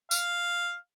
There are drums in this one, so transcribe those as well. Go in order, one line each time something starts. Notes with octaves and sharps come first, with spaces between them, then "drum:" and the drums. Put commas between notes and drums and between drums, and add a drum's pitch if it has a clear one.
F5, drum: tambourine